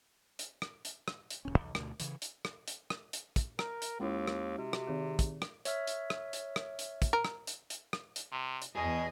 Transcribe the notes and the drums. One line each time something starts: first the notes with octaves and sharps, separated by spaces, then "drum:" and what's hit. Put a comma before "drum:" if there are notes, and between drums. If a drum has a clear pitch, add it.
drum: hi-hat
drum: rim click
drum: hi-hat
drum: rim click
drum: hi-hat
D1 F#2 C#4
B1 E2
D2 B2 D3, drum: rim click
C#3 E3, drum: hi-hat
drum: hi-hat
drum: rim click
drum: hi-hat
drum: rim click
drum: hi-hat
drum: kick, hi-hat
A#4 A#5, drum: rim click
drum: hi-hat
D#2 G#3 C#4 E4
drum: rim click
C3 F#4
drum: rim click
D#3 D#4 G#4
drum: kick, hi-hat
drum: rim click
C#5 E5 F6, drum: hi-hat
drum: hi-hat
drum: rim click
drum: hi-hat
drum: rim click
drum: hi-hat
drum: kick, hi-hat
A#4
drum: rim click
drum: hi-hat
drum: hi-hat
drum: rim click
drum: hi-hat
C3
drum: hi-hat
E2 B2 G#4 D#5